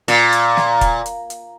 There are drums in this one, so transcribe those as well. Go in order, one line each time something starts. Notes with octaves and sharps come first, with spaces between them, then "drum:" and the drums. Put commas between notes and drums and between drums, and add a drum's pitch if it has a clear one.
A#2, drum: hi-hat
drum: hi-hat
drum: snare
drum: kick E1, hi-hat
drum: hi-hat
drum: hi-hat